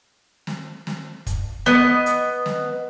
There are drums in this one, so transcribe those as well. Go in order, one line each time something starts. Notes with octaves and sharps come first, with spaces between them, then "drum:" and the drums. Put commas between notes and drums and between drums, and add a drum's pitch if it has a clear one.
drum: snare
drum: snare
drum: kick, hi-hat
B3 D#5, drum: snare
drum: hi-hat
drum: snare